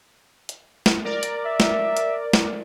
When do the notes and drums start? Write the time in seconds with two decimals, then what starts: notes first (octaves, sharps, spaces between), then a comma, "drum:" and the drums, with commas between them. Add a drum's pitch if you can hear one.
0.49 drum: hi-hat
0.86 drum: snare
1.04 A#4 D5
1.23 drum: hi-hat
1.45 E5
1.60 drum: snare
1.97 drum: hi-hat
2.33 drum: snare